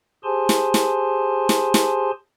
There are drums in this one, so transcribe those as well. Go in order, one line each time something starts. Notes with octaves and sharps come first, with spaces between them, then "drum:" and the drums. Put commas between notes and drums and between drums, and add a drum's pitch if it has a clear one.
G4 G#4 C5 G#5 A5 C6
drum: snare
drum: snare
drum: snare
drum: snare